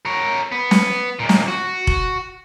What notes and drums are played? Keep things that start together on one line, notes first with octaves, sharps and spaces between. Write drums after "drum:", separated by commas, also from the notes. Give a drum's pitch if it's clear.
A#4 C#5
B3
drum: snare
D#2 A#2
drum: snare
F#4
drum: kick F1